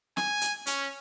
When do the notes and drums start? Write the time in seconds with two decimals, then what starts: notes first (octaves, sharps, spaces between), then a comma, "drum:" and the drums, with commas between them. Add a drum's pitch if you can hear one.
0.17 G#5, drum: snare
0.41 drum: hi-hat
0.66 C#4, drum: hi-hat